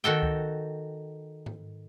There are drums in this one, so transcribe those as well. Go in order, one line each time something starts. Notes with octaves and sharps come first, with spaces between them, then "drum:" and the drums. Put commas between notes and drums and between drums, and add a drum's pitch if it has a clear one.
D#3 F#4 A4 G5
drum: kick C#2
drum: tom G#2